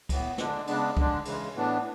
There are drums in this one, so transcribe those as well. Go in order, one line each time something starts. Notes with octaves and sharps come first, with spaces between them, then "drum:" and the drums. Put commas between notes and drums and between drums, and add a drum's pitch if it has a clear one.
A2 E3 B3, drum: kick, cymbal
D3 G#3 D4, drum: snare
C#3 G#3 B3 D4, drum: cymbal
D3 G#3 D4, drum: kick
C#3 E3 G#3, drum: cymbal
A2 E3 B3 D4